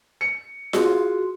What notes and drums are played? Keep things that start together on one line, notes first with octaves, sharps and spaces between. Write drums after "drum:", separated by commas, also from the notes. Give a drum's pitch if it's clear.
C#7
F4 F#4 G#4 C6, drum: snare F4